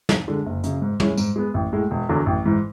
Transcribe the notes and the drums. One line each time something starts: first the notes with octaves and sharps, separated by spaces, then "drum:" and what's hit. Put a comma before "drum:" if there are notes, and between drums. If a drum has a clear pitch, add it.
E2, drum: snare
D3 G#3
F#1
F#2 C#3, drum: hi-hat
G#2
G#3 C#4 E4, drum: tom
G#2, drum: tambourine
G#3 B3
A1
A2 G#3
E1
E2 D3 F#3
A1
G#2 E3